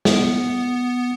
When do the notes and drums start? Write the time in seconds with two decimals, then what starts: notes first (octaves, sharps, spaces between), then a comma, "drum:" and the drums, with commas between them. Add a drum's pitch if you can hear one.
0.05 B3, drum: snare